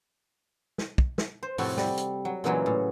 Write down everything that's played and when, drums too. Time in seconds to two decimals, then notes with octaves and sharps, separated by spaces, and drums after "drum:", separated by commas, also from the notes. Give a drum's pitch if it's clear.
0.78 drum: snare
0.98 drum: kick
1.18 drum: snare
1.43 C5
1.58 F2 A2 C3 F#4, drum: open hi-hat
1.78 G3, drum: snare
1.97 drum: hi-hat
2.25 F#3
2.44 A#2 C#3 E3 F#3 G#3 A#3
2.66 A2